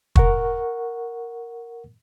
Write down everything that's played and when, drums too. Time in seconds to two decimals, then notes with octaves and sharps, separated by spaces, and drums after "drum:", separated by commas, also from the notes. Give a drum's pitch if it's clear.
0.16 A#4 F#5 C#6, drum: kick